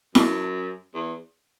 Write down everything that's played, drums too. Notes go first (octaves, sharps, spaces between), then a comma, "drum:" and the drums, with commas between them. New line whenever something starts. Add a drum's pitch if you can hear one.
F#2, drum: snare E4
E2